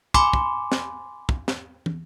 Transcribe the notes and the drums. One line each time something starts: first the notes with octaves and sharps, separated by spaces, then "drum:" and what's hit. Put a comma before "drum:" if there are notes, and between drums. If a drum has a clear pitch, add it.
G#5 B5 C6 D6, drum: kick
drum: kick
drum: snare
drum: kick
drum: snare
drum: tom